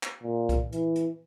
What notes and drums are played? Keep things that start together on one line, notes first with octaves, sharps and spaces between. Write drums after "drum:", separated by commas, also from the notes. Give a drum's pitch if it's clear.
drum: clap
A#2
drum: kick, hi-hat
E3, drum: hi-hat
drum: hi-hat